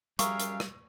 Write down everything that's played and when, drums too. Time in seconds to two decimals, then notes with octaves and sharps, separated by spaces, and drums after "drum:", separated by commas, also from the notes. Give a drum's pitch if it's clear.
0.19 F#2 G3 G#4 A#4 E5 F5 C#6, drum: hi-hat
0.40 drum: hi-hat
0.60 drum: rim click